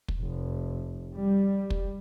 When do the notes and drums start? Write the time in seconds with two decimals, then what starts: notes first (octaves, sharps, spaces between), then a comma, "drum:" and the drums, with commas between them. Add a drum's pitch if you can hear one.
0.08 drum: kick
0.20 F1
1.15 G3
1.70 drum: kick